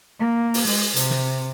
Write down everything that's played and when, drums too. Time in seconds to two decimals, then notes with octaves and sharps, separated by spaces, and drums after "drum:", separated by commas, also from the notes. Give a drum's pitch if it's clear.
0.18 A#3
0.54 drum: open hi-hat
0.66 G#3, drum: open hi-hat
0.96 C3, drum: hi-hat
1.10 drum: snare